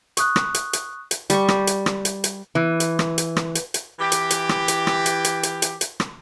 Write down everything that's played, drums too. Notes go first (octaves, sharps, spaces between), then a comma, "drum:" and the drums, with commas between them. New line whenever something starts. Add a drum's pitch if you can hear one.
C#6 D#6 F#6, drum: hi-hat
drum: rim click
drum: hi-hat
drum: hi-hat
drum: hi-hat
G3 C#6, drum: hi-hat
drum: rim click
drum: hi-hat
drum: rim click
drum: hi-hat
drum: hi-hat
E3
drum: hi-hat
drum: rim click
drum: hi-hat
drum: rim click
drum: hi-hat
drum: hi-hat
E3 G4
drum: hi-hat
drum: hi-hat
drum: rim click
drum: hi-hat
drum: rim click
drum: hi-hat
drum: hi-hat
drum: hi-hat
drum: hi-hat
drum: hi-hat
drum: rim click